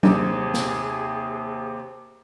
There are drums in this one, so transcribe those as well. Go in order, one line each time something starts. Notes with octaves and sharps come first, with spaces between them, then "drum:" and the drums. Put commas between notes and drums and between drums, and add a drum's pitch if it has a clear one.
D#2 C3 G#4, drum: tom F#3
drum: snare